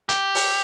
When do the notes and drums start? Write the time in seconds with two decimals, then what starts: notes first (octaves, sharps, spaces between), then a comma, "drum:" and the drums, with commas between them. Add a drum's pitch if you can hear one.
0.09 G4, drum: hi-hat
0.35 drum: open hi-hat